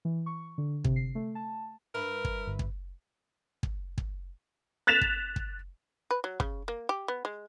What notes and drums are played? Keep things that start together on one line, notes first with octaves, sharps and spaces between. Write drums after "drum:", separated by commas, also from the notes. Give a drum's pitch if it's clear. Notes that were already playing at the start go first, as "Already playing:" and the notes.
E3
C#6
D3
C3, drum: kick
C7
A3
A5
G2 A#4 B4 E5
drum: kick
G1
drum: kick
drum: kick
drum: kick
F#6 A6 B6 E7 F7
drum: kick
drum: kick
B4
F#3
C#3, drum: kick
A#3
G4
B3
G#3